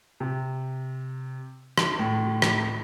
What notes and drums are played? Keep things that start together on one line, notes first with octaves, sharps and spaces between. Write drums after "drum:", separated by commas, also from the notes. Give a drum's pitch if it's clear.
C3
drum: rim click
A2
drum: rim click